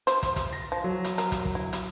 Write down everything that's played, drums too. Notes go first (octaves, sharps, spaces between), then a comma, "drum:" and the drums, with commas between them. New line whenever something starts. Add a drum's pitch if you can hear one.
C5, drum: hi-hat
drum: kick, hi-hat
drum: kick, hi-hat
A#6
F3
F#3
drum: hi-hat
A#4, drum: hi-hat
drum: kick, hi-hat
drum: kick
E4
drum: hi-hat